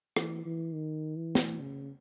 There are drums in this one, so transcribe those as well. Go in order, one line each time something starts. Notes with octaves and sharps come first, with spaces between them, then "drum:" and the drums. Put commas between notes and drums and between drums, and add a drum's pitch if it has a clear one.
E3, drum: rim click
E3
D#3
E3
drum: snare
C#3